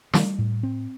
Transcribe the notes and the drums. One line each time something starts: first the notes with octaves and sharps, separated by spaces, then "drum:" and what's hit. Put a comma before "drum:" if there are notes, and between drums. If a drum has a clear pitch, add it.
G3, drum: snare
A2
C4